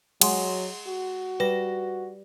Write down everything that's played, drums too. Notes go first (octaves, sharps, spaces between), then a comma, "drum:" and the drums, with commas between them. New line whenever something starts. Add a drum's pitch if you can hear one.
F#3 G#3 F#5 C6, drum: cymbal
F#4
G3 B4 A#6